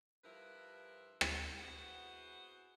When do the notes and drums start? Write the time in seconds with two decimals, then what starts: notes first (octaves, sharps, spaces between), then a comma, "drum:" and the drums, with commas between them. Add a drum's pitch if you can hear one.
0.24 G2 F3 E4 A#4 B4
1.21 drum: rim click
1.59 B3 E4 F#4 G#4 C5